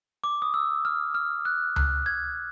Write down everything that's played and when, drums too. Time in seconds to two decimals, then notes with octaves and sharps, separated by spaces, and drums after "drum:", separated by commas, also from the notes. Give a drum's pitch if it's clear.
0.24 D6
0.42 D#6
0.54 E6
0.85 F6
1.14 F6
1.45 F#6
1.76 F#6, drum: tom C#2
2.06 G#6